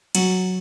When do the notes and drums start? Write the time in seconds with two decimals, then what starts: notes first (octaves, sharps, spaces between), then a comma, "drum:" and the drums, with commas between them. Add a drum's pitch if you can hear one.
0.15 F#3, drum: cymbal